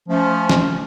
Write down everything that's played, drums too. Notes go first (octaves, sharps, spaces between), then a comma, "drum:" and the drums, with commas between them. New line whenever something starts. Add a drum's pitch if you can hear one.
F3 A3 C#4
drum: snare